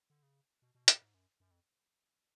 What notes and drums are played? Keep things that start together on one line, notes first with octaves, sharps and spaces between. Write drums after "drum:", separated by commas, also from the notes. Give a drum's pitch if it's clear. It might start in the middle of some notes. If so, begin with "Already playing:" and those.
D3
C#3
B2
B2
A2, drum: hi-hat
G#2
F#2
F#2
F2